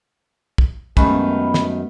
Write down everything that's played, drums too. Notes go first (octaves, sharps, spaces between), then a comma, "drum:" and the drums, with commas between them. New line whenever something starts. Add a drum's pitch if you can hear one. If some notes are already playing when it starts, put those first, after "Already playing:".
drum: kick
F#2 D#3 G#3 A3 B3 C#4 G4 B5, drum: kick
drum: snare